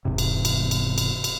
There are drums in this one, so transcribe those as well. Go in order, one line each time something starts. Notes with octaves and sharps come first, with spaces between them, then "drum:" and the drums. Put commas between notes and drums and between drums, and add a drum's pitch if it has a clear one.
E1 E2 G#2 C3
drum: cymbal
drum: cymbal
drum: cymbal
drum: cymbal
drum: cymbal